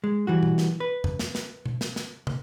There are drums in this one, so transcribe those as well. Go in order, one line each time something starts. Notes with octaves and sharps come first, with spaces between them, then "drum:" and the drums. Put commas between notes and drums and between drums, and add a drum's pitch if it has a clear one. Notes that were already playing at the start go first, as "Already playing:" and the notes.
G#3
E3 G3 F#4
drum: tom B2
drum: snare
B4
drum: tom E2
drum: snare
drum: snare
drum: tom B2
drum: snare
drum: snare
drum: tom